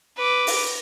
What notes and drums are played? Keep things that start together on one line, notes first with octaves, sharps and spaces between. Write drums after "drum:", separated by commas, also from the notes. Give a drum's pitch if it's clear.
B4 D6
drum: open hi-hat